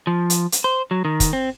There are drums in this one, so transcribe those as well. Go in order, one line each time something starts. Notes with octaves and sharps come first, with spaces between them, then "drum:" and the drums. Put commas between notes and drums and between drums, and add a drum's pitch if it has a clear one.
F3
drum: hi-hat
drum: hi-hat
C5
F#3
D#3
drum: kick, hi-hat
C4